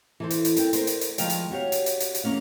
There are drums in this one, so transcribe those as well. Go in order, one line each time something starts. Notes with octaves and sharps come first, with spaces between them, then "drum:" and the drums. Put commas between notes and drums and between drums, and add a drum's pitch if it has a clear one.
E3 A4 C5
drum: hi-hat
drum: hi-hat
A4 A#4 G5, drum: hi-hat
A#4 C5, drum: hi-hat
drum: hi-hat
drum: hi-hat
D#3 F3 G#3 F5 G5, drum: hi-hat
drum: hi-hat
F#4 G4 C#5 F5
drum: hi-hat
drum: hi-hat
drum: hi-hat
drum: hi-hat
E2 A#3 C#4 F5